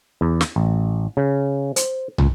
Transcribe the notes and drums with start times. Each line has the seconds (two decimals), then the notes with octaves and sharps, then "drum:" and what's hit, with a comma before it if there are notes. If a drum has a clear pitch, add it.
0.21 E2
0.41 drum: snare
0.56 A1
1.17 C#3
1.76 C5, drum: hi-hat
2.18 C#2, drum: tom